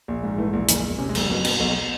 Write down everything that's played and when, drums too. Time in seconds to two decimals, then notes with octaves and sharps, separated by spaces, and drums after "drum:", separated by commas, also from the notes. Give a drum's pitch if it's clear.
0.08 A#1
0.23 G#2
0.38 E3 A3
0.53 A#1
0.69 F#1 G#3, drum: hi-hat
0.84 E2
0.98 C3 C#4
1.09 G#3
1.15 F#1 G3, drum: cymbal
1.30 B2 F#3
1.45 B2, drum: cymbal
1.60 B1